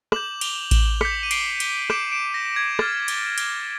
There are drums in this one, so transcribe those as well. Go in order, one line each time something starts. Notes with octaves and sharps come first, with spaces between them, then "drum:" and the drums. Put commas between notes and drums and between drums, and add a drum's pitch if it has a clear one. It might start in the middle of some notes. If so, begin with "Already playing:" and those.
D6 G6 E7 F#7, drum: rim click
F7 G7, drum: cymbal
E7 F#7, drum: kick A1, cymbal
D6 G6 B6 C#7, drum: rim click
D#7
C7 D7, drum: cymbal
drum: cymbal
D6 G6 D7 E7, drum: rim click
D7 E7
A#6
G#6
D6 F6 A6, drum: rim click
drum: cymbal
drum: cymbal